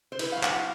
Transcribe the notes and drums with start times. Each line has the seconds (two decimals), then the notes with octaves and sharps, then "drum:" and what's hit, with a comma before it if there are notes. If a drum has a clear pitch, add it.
0.12 C5
0.19 E4 B4, drum: cymbal
0.32 F#3 F5
0.43 F#5, drum: clap
0.51 E4 F5